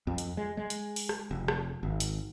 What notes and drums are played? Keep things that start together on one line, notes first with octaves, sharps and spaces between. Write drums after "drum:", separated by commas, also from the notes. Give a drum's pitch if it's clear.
F2
drum: hi-hat
G#3
G#3
drum: hi-hat
drum: open hi-hat
drum: rim click
F1
drum: rim click
G#1
drum: hi-hat